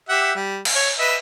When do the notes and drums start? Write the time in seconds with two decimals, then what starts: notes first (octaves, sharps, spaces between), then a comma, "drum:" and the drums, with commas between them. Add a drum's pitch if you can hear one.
0.09 G4 E5 F#5
0.35 G3
0.65 drum: cymbal
0.75 C#5
0.99 B4 D#5 E5